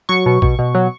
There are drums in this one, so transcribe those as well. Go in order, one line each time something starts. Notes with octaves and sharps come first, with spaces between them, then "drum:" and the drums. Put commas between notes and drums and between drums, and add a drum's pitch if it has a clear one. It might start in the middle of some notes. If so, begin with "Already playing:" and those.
F#3 C#6
B2
B2, drum: kick A#1
B2
F#3